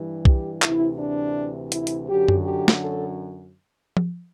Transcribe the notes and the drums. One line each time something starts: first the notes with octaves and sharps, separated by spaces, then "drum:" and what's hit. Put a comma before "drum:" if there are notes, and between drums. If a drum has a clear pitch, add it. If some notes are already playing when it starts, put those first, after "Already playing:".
Already playing: G2 E3 G3
G4, drum: kick B1
D2 C3 E3 E4, drum: clap
D4
E4, drum: hi-hat
drum: hi-hat
F#2 D3 F#3 G4
drum: tom F#2
G4
drum: snare
A4
drum: tom F3